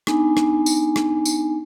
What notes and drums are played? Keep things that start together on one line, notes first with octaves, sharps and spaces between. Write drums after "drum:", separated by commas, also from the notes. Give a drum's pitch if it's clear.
B3 D4 D#4 G#5, drum: rim click
drum: rim click
drum: tambourine
drum: rim click
drum: tambourine